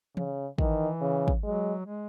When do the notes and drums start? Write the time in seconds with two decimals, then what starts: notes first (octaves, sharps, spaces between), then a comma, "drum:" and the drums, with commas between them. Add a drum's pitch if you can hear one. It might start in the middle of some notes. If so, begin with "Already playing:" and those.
0.17 C#3, drum: tom E3
0.58 D#3 E3, drum: kick
1.01 C#3
1.28 drum: kick
1.43 F#3 G#3
1.86 G#3